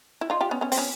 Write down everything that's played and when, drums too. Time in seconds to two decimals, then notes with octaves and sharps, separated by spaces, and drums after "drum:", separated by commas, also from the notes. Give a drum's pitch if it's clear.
0.21 E4
0.30 D#4 F4
0.41 F4 G4
0.51 B3 C#4
0.61 B3 C#4
0.72 C4, drum: open hi-hat
0.78 B3 C#4